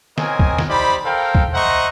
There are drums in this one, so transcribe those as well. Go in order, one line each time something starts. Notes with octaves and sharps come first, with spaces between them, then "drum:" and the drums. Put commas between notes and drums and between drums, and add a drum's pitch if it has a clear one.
C4 A#4 C#5 D#5 G#5, drum: snare
drum: kick C2
drum: snare
D#4 G4 C5 D5 B5
A4 A#4 C5 F5 G5
drum: kick C2
C5 D#5 E5 F#5 A#5 C#6